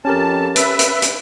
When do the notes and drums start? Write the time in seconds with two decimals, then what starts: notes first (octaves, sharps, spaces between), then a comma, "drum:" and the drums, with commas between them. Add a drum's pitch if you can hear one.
0.05 F2 C#4 G4 A#4 A5
0.56 B4 E5, drum: hi-hat
0.79 drum: hi-hat
1.02 drum: hi-hat